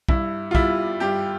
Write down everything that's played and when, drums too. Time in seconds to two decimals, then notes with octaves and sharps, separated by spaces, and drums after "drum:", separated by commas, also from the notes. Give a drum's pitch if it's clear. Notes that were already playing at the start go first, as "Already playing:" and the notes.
0.09 G2 E4, drum: kick
0.51 F4
0.55 G3 E4, drum: kick
1.00 G2 G4